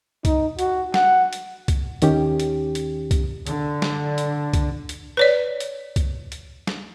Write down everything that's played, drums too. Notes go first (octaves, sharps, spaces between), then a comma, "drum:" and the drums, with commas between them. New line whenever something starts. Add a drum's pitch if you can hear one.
D#4, drum: kick C#2, hi-hat
F#4, drum: hi-hat
F#5, drum: snare
drum: hi-hat
drum: kick C#2, hi-hat
D#2 D#3 C#4 G4, drum: hi-hat
drum: hi-hat
drum: hi-hat
drum: kick C#2, hi-hat
D3, drum: hi-hat
drum: snare
drum: hi-hat
drum: kick C#2, hi-hat
drum: hi-hat
B4 C#5 D5
drum: hi-hat
drum: kick C#2, hi-hat
drum: hi-hat
drum: snare